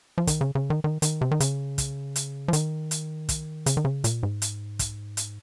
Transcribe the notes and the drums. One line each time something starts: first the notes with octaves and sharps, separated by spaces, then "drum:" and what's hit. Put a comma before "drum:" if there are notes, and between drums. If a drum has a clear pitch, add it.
F3
D#3, drum: kick, hi-hat
C#3
C#3
D#3
D#3
D#3, drum: hi-hat
C3
D#3
C#3, drum: hi-hat
drum: kick, hi-hat
drum: hi-hat
F3
D#3, drum: hi-hat
drum: hi-hat
drum: kick, hi-hat
C#3, drum: hi-hat
D#3
C#3
A#2, drum: hi-hat
G#2
drum: hi-hat
drum: kick, hi-hat
drum: hi-hat